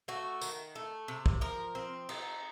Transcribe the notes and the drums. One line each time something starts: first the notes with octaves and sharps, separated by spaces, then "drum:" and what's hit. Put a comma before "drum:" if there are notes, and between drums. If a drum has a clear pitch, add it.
A3 F#4
D#3, drum: tambourine
A3
C3
drum: kick
F3 A#4
C4
D#4, drum: cymbal